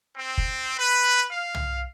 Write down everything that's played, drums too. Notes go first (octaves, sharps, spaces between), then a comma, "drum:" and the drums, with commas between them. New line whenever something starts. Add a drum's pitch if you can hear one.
C4
drum: kick
B4
F5
drum: tom